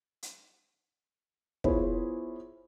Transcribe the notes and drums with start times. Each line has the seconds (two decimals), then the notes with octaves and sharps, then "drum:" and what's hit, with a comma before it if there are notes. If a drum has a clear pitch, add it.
0.23 drum: hi-hat
1.64 B3 E4 F4 G#4 C5 C#5, drum: kick